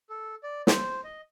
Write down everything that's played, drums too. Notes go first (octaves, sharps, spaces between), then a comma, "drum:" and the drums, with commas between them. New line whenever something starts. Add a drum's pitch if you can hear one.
A4
D5
C5, drum: snare
D#5